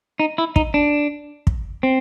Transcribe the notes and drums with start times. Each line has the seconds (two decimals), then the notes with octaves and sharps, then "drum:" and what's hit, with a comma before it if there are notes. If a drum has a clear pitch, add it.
0.20 D#4
0.38 E4
0.56 D#4, drum: kick
0.74 D4
1.47 drum: kick
1.83 C4